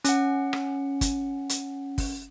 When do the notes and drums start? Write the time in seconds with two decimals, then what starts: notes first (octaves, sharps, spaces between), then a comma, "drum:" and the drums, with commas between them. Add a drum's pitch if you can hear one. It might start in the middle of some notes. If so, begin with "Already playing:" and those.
0.05 C#4 F#5, drum: hi-hat
0.53 drum: rim click
1.01 drum: kick, hi-hat
1.49 drum: hi-hat
1.98 drum: kick, open hi-hat